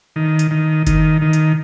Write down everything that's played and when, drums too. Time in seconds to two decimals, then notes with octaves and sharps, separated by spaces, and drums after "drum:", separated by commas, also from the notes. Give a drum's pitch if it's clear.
0.16 D#3
0.39 drum: hi-hat
0.51 D#3
0.87 D#3, drum: kick F#1, hi-hat
1.22 D#3
1.33 drum: hi-hat